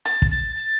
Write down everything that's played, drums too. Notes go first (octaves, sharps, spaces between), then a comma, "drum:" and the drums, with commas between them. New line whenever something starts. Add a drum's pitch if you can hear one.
A6, drum: hi-hat
drum: kick
A6
A6